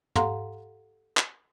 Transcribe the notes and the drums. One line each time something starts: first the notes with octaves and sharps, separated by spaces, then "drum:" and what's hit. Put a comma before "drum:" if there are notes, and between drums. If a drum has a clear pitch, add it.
G4 A4 F5 F#5 A#5 C6, drum: tom
drum: clap